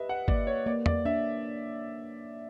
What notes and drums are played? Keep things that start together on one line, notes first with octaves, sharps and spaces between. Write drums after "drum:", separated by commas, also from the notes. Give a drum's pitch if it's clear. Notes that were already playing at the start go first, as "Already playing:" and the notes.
Already playing: G4 B4 D#5 E5
F#5
A#3 D5, drum: kick
C#5
A#3 D5
D5, drum: tom
D4 E5